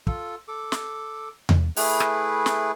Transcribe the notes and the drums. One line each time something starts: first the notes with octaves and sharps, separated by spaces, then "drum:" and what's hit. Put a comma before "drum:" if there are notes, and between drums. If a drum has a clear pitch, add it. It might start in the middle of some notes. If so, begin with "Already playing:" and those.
F4 A4, drum: kick
A4 D6
drum: snare
drum: tom E2
A3 E4 G#4 B4, drum: open hi-hat
drum: rim click
drum: snare